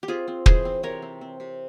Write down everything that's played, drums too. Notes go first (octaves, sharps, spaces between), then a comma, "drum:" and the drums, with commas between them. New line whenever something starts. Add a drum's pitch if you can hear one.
G4
C4 F4 G#4
C4
E3 G#4 C5, drum: kick
C4
C3 A#4 C#5
C4
C4
C3